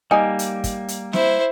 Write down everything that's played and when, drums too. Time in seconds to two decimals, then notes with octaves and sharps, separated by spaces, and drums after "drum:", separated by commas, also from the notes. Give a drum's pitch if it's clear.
0.11 G3 A#3 D#4 G#5
0.39 drum: hi-hat
0.64 drum: kick, hi-hat
0.88 drum: hi-hat
1.13 E4 C5, drum: snare